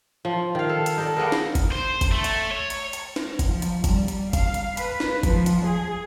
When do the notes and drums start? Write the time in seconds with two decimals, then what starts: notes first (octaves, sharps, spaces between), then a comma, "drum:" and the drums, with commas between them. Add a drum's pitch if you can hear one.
0.25 F3
0.55 D#3 F5
0.69 A4
0.86 drum: hi-hat
0.98 D#4 A4 D5
1.17 A#3 B3 G#4 A#4
1.32 drum: snare
1.55 drum: kick G1, hi-hat
1.72 C5
2.01 drum: kick G1, hi-hat
2.12 A3
2.24 drum: hi-hat
2.51 C#5
2.70 drum: hi-hat
2.93 drum: hi-hat
3.16 drum: snare
3.39 drum: kick G1, hi-hat
3.52 F3
3.62 drum: hi-hat
3.84 G3, drum: kick G1, hi-hat
4.08 drum: hi-hat
4.33 F5, drum: kick G1, hi-hat
4.54 drum: hi-hat
4.77 B4, drum: hi-hat
5.00 drum: snare
5.23 F3, drum: kick G1, hi-hat
5.46 drum: hi-hat
5.65 G#4